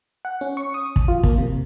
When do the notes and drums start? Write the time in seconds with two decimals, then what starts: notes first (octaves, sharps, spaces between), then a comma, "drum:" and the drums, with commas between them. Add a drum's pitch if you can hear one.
0.25 F#5
0.41 C#4
0.57 C#6
0.74 D#6
0.96 drum: kick
1.08 F4
1.23 A#3, drum: kick
1.38 C3